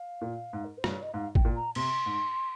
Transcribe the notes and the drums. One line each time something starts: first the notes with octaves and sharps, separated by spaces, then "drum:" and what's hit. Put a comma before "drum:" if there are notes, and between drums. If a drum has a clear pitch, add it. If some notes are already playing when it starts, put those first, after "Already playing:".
Already playing: F5
A#2
G#2
A#4
C5
G2, drum: rim click
C#5
D#5
G#2 F5
G5, drum: kick G#1
A#2
A#5
C3 C6, drum: cymbal
G#2